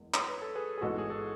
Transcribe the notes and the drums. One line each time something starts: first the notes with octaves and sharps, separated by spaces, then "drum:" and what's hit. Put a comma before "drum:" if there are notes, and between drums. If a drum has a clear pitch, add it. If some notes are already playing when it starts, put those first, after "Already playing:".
Already playing: F#1 E2 G#3
C#5, drum: clap
B4
A4
G#4 B4
G#4
A1 G#2 G#3 B3 F#4 A4
G#4
A4